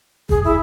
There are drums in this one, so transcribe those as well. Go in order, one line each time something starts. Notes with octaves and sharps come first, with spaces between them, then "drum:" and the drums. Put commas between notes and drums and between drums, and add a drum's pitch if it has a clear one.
G#4, drum: kick F#1
E4